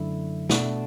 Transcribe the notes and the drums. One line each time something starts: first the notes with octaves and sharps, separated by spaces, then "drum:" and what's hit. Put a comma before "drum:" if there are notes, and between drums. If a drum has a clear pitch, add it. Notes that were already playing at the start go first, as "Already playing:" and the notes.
Already playing: F#2 D3 A3 E4
B2 A3 D4 F#4, drum: snare